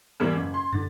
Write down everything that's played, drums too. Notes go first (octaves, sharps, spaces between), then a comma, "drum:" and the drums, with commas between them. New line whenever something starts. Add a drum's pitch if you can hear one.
E2 G3 A#3 G#6 F#7
F#1
C6
D3 A6, drum: tom